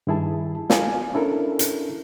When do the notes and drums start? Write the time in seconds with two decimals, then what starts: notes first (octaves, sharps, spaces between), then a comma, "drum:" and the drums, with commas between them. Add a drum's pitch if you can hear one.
0.07 G2 D#3 E4 G#4 A5
0.70 F5 G#5, drum: snare
1.13 C#4 D4 E4 A4 A#4
1.59 drum: hi-hat